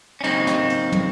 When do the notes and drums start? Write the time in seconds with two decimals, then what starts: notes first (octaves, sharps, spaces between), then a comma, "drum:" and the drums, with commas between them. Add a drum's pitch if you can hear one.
0.21 C#4
0.24 C#3 F#3 A#3 C4 D#4, drum: cymbal
0.47 drum: snare
0.70 drum: cymbal
0.92 drum: tom